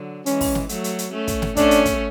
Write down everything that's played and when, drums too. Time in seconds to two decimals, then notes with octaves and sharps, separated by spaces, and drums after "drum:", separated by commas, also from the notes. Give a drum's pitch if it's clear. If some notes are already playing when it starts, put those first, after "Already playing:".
Already playing: D3 F#3
0.26 E3 G#3 C#4, drum: hi-hat
0.41 drum: kick, open hi-hat
0.55 drum: snare
0.69 F#3 A3, drum: hi-hat
0.84 drum: hi-hat
0.99 drum: hi-hat
1.13 A3 C#4
1.27 drum: kick, hi-hat
1.42 drum: snare
1.56 A3 C#4 D4, drum: kick, hi-hat
1.71 drum: hi-hat
1.85 drum: kick, hi-hat